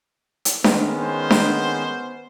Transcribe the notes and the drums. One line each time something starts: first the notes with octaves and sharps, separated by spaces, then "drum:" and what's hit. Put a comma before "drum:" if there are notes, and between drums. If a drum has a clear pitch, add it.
drum: hi-hat
D#3 G#3 B3 C#4, drum: snare D4
C5
drum: snare D4